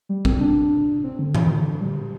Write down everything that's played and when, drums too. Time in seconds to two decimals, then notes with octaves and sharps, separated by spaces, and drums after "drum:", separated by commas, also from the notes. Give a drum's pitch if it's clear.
0.09 G3
0.25 C4, drum: kick A1
0.40 D4
1.04 C4
1.19 D3
1.35 E3, drum: tom A2
1.51 D3
1.66 D3
1.81 G3